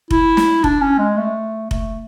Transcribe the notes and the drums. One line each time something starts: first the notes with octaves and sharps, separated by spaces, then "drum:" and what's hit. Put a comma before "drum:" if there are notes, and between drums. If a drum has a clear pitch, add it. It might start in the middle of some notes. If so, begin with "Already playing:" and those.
E4, drum: kick F1
drum: snare
D4, drum: kick F1
C#4
G#3
A3
A3, drum: kick F1